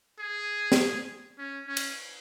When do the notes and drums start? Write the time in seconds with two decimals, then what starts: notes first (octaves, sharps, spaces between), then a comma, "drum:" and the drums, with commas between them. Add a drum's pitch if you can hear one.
0.19 G#4
0.72 drum: snare
1.38 C#4
1.67 C#4
1.77 drum: cymbal